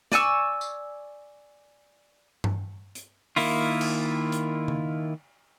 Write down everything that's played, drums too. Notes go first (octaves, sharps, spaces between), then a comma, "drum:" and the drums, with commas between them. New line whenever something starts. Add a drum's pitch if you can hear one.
D5 G#5 C#6 E6, drum: snare
drum: tambourine
drum: tom G2
drum: hi-hat
D#3 A#3 E4 F4, drum: open hi-hat
drum: cymbal
drum: hi-hat
drum: tom C#3